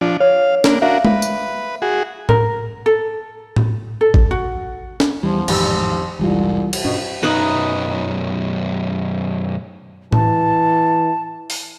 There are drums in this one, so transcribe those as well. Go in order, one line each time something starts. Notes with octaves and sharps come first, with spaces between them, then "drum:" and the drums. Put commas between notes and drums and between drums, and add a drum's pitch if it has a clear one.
F3 D4
C#5 F5
A#3 D4, drum: snare
D4 F#4 A#4 E5 F5
B4, drum: tom G#3
drum: tambourine
F#4 G#4
A#4, drum: tom A2
A4
drum: tom A2
A4
drum: kick G#1
F#4
drum: snare
E2 E3 F3 G3
A1 F2 G#2 D#3 G4 E6, drum: cymbal
F1 C2 G#2 E3 G3 F4
drum: cymbal
G2 B2 C#4 D4
B1 F#2 D#4 B4
E3 A5, drum: tom A2
drum: open hi-hat